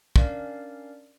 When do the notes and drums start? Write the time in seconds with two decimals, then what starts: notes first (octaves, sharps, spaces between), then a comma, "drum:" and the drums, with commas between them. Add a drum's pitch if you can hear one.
0.16 C#4 D4 A#4 D5 F5, drum: kick